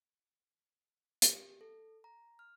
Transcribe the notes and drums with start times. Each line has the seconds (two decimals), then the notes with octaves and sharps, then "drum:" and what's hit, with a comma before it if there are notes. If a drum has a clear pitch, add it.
1.22 G4, drum: hi-hat
1.61 A4
2.04 A#5
2.39 F6